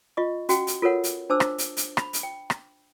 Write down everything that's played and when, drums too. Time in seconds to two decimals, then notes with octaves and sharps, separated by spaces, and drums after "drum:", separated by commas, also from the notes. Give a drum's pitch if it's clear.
0.17 F4 D#5 C#6
0.49 C#4 F#4 F#5 G5, drum: hi-hat
0.67 drum: hi-hat
0.82 F4 A4 A#4 C#5 F#5
1.04 drum: hi-hat
1.30 D4 C5 A5 D6 E6
1.40 drum: rim click
1.58 drum: hi-hat
1.77 drum: hi-hat
1.97 B5, drum: rim click
2.13 drum: hi-hat
2.23 G5
2.50 drum: rim click